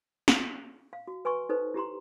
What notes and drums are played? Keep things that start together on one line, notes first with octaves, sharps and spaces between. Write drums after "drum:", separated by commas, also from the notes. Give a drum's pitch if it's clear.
drum: snare
F5
F#4
B4 G#5 C6 C#6
D#4 A4 B4 C5
E4 G4 A#5 C6